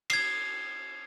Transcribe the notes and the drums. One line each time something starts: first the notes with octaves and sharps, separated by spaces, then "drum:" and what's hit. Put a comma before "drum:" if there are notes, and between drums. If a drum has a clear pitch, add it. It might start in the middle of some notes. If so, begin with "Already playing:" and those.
G#6 C7, drum: cymbal